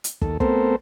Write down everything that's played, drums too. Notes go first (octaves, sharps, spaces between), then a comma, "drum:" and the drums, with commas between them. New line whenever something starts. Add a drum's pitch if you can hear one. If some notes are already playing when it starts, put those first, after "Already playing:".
drum: hi-hat
D#2 A4, drum: kick
A3 B3 C4 A4 A#4 C5, drum: kick